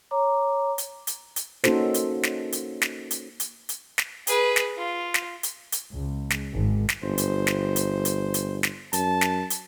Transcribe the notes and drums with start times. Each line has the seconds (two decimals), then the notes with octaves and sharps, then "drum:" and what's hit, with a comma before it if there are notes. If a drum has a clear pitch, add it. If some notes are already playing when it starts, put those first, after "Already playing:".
0.11 C#5 A#5 D6
0.78 drum: hi-hat
1.07 drum: hi-hat
1.36 drum: hi-hat
1.64 A#3 C#4 D#4 F#4 A4 C5, drum: snare
1.94 drum: hi-hat
2.23 drum: snare
2.52 drum: hi-hat
2.82 drum: snare
3.11 drum: hi-hat
3.40 drum: hi-hat
3.69 drum: hi-hat
3.98 drum: snare
4.27 G#4 B4, drum: hi-hat
4.56 drum: snare
4.77 F4
5.14 drum: snare
5.43 drum: hi-hat
5.72 drum: hi-hat
5.94 C#2
6.30 drum: snare
6.54 G#1
6.89 drum: snare
7.03 G1 C5
7.18 drum: hi-hat
7.47 drum: snare
7.76 drum: hi-hat
8.05 drum: hi-hat
8.34 drum: hi-hat
8.63 drum: snare
8.93 F#2 A5, drum: hi-hat
9.21 drum: snare
9.50 drum: hi-hat